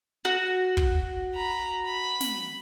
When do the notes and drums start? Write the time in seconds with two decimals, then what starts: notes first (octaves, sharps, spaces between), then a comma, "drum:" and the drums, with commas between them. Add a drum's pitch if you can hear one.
0.25 F#4
0.77 drum: kick
1.34 A#5 B5
1.85 B5
2.20 drum: snare